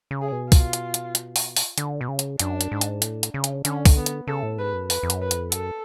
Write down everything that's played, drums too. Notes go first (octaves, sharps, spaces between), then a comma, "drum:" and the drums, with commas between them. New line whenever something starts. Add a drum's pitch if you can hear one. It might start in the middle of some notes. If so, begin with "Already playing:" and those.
C#3
G#4
B2
F4, drum: kick C2, open hi-hat
drum: hi-hat
drum: hi-hat
drum: hi-hat
drum: open hi-hat
drum: open hi-hat
D3, drum: hi-hat
B2
C#3
drum: hi-hat
F#2 D4, drum: hi-hat
drum: hi-hat
G#2
drum: hi-hat
A2, drum: hi-hat
drum: hi-hat
C#3
drum: hi-hat
D3 C#4, drum: hi-hat
drum: kick C2, open hi-hat
B3
drum: hi-hat
C#3 A4
A2
G#2 B4
F#2
F2 B4, drum: open hi-hat
F2
F#2, drum: hi-hat
B4
F2, drum: hi-hat
F#2 A4, drum: hi-hat